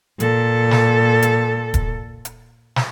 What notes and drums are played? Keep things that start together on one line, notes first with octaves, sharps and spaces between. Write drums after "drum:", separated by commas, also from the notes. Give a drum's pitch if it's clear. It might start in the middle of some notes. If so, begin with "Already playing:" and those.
A#2 A4, drum: hi-hat
drum: snare
drum: hi-hat
drum: kick D#1, hi-hat
drum: hi-hat
drum: snare